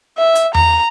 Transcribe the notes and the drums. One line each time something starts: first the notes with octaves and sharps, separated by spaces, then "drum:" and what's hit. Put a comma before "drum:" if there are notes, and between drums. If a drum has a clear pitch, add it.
E5
drum: hi-hat
A#5, drum: tom E2